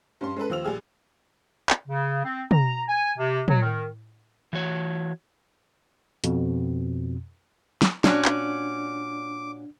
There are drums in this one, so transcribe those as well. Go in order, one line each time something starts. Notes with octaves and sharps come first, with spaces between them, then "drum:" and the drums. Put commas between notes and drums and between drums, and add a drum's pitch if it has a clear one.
G2 C#4 C6
G#3 C#4 A4 B4
D#2 F3 E6 F7
A#1 G3 G#4 E6
drum: clap
C#3
C4
A#5, drum: tom
G#5
C3
F#3, drum: tom
D#3
E3 F#4 C#5
F2 B2, drum: hi-hat
drum: snare
A#2 C#4 D4 F#4 D6, drum: snare
drum: clap